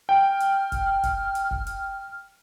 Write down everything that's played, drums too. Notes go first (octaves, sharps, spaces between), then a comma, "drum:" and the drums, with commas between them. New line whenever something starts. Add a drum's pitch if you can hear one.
G5 F6
drum: hi-hat
drum: kick F1, hi-hat
drum: kick F1, hi-hat
drum: hi-hat
drum: kick F1
drum: hi-hat